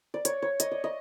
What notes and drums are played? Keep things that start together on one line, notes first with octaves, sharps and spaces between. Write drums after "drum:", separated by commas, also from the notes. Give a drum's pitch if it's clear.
D5
C#5, drum: hi-hat
C#5
D#5, drum: hi-hat
D5
D#5